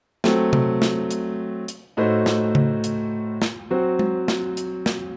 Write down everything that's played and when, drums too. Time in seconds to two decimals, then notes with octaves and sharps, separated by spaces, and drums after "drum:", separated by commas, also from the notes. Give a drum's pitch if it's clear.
0.24 F#3 A3 C4, drum: snare
0.53 drum: tom C3
0.82 drum: snare
1.11 drum: hi-hat
1.68 drum: hi-hat
1.97 A2 A3 D#4 F#4 C5
2.26 drum: snare
2.55 drum: tom C#3
2.84 drum: hi-hat
3.42 drum: snare
3.71 F#3 C4 F#4 C5
3.99 drum: tom G#3
4.28 drum: snare
4.57 drum: hi-hat
4.86 drum: snare